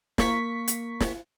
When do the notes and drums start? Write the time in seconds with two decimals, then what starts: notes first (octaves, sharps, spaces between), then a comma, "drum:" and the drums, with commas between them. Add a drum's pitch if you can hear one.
0.18 A#3 C#6 B6, drum: snare
0.68 drum: hi-hat
1.00 drum: snare